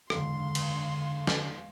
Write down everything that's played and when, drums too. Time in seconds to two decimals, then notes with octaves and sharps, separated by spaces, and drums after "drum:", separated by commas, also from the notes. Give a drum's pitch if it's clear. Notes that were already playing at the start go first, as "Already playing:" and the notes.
0.10 F#1 E2 G#2 D3 F5 C6, drum: rim click
0.55 drum: cymbal
1.27 drum: snare